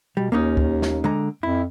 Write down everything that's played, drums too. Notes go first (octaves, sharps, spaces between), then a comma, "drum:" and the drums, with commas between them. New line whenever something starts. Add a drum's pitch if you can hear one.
B2 G3
D#2 A#3 C#4 D#4
drum: kick
drum: snare
D3 G#3 A#5
F2 E4